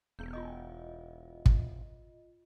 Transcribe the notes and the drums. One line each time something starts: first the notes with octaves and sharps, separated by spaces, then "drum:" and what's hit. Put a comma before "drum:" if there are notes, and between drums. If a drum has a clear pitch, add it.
E1 B3 G6
F4 D#5
drum: kick